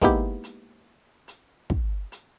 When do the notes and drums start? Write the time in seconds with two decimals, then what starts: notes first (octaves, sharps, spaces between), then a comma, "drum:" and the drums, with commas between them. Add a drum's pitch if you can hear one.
0.02 G#3 A#3 B3 D#4 E4 G4, drum: kick, hi-hat
0.44 drum: hi-hat
1.28 drum: hi-hat
1.70 drum: kick
2.12 drum: hi-hat